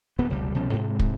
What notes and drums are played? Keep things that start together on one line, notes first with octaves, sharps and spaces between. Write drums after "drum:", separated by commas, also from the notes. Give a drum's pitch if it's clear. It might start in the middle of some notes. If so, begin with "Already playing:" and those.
D1 G2 B3
F1 C#2 B2 G3
C2 B2 F3 C#4
G#2 C3 G#3
drum: kick